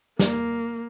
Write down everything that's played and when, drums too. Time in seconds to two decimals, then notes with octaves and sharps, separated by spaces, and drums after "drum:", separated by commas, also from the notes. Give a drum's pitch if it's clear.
0.19 A#3, drum: snare